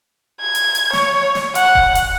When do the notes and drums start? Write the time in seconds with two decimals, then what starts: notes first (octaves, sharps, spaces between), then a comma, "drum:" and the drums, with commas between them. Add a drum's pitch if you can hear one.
0.40 G#6
0.55 drum: hi-hat
0.75 drum: hi-hat
0.93 C#5, drum: snare
1.35 drum: snare
1.55 F#5, drum: hi-hat
1.75 drum: kick D#1
1.95 drum: hi-hat